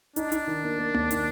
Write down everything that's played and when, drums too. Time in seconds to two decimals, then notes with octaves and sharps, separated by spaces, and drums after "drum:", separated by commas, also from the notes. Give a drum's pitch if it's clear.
0.16 D4 D#4, drum: hi-hat
0.32 D#4, drum: hi-hat
0.47 D#3
0.64 A#3
0.79 A#3
0.94 D#2, drum: tom A#3
1.11 D#3, drum: hi-hat